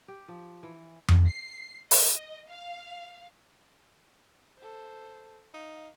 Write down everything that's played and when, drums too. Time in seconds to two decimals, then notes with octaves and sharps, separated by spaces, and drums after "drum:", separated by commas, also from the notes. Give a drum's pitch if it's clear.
0.08 G4
0.28 F3
0.63 E3
1.08 drum: tom F2
1.27 C7
1.91 D#5, drum: open hi-hat
2.49 F5
4.58 A4 C5
5.54 D#4 F5